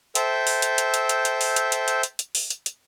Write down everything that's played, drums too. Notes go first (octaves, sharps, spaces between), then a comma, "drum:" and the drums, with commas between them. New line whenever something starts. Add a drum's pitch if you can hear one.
A4 C5 E5 G5, drum: hi-hat
drum: open hi-hat
drum: hi-hat
drum: hi-hat
drum: hi-hat
drum: hi-hat
drum: hi-hat
drum: open hi-hat
drum: hi-hat
drum: hi-hat
drum: hi-hat
drum: hi-hat
drum: hi-hat
drum: open hi-hat
drum: hi-hat
drum: hi-hat